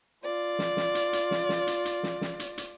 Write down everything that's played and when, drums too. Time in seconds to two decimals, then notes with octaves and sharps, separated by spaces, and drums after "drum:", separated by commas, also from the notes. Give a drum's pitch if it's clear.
0.23 F4 D5
0.59 drum: snare
0.77 drum: snare
0.95 drum: hi-hat
1.13 drum: hi-hat
1.31 drum: snare
1.49 drum: snare
1.67 drum: hi-hat
1.85 drum: hi-hat
2.03 drum: snare
2.21 drum: snare
2.39 drum: hi-hat
2.58 drum: hi-hat